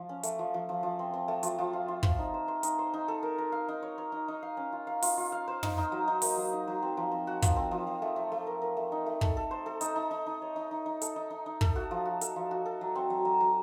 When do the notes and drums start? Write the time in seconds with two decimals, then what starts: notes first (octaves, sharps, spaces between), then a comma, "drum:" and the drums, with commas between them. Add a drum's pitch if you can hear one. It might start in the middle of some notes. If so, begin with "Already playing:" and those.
Already playing: F3
0.09 C#4
0.23 A3, drum: hi-hat
0.39 F3
0.54 F3
0.69 F3
0.83 F3
0.99 C4
1.14 C4
1.28 A3
1.43 F3, drum: hi-hat
1.58 F3
1.73 F4
1.88 F4
2.03 C5, drum: kick
2.18 D#4
2.34 C5
2.48 C5
2.63 D#4, drum: hi-hat
2.79 C5
2.94 D#4
3.08 A4
3.23 A#4
3.38 A#4
3.52 F5
3.68 D#4
3.83 C#5
3.98 C#5
4.12 D#4
4.28 D#4
4.43 F5
4.57 C#4
4.72 F4
4.87 F5
5.02 F4, drum: open hi-hat
5.17 F4
5.32 F5
5.48 C5
5.63 D#4, drum: tom
5.78 D#4
5.92 F#3
6.08 D#4
6.22 A#3, drum: open hi-hat
6.37 F#3
6.53 D#4
6.68 F#3
6.82 C4
6.97 F3
7.11 C4
7.27 F#4
7.42 F3, drum: kick, hi-hat
7.56 C4
7.71 F3
7.87 F3
8.02 A3
8.16 A3
8.32 A3
8.47 A#4
8.62 A#4
8.77 A3
8.92 D#4
9.06 A3
9.21 A4, drum: kick
9.37 A4
9.51 C5
9.66 A4
9.81 D#4, drum: hi-hat
9.96 D#4
10.11 D#4
10.26 D#4
10.42 C#5
10.56 D#4
10.71 D#4
10.86 D#4
11.01 A4, drum: hi-hat
11.16 D#4
11.30 D#4
11.46 D#4
11.61 A4, drum: kick
11.76 F#4
11.91 F3
12.05 F#4
12.21 A4, drum: hi-hat
12.36 F3
12.51 F#4
12.66 A4
12.81 F#3
12.95 C4
13.10 F#3
13.25 F#3
13.40 F#3